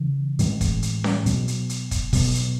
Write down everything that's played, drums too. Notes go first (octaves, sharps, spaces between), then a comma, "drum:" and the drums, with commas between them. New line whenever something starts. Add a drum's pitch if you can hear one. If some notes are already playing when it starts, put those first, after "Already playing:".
Already playing: C#3 E3
A2 E3 G#3, drum: hi-hat
drum: kick, hi-hat
drum: hi-hat
drum: snare C#4
B2 F#3 B3, drum: hi-hat
drum: hi-hat
drum: hi-hat
drum: kick, hi-hat
B2 F#3 B3, drum: kick, open hi-hat
drum: hi-hat